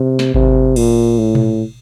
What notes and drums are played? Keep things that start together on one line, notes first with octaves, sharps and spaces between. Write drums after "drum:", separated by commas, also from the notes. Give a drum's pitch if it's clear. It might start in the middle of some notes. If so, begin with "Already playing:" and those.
Already playing: C3
drum: snare
C3, drum: kick G#1
A#2, drum: cymbal
A2
drum: tom A#2